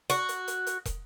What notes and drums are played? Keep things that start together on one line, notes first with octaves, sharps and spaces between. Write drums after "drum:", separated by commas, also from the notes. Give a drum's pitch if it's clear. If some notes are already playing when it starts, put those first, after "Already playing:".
F#4, drum: hi-hat
drum: hi-hat
drum: hi-hat
drum: hi-hat
drum: kick, hi-hat